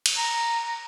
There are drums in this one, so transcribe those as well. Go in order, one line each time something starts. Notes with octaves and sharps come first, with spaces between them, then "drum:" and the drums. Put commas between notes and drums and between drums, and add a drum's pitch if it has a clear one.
drum: cymbal
A#5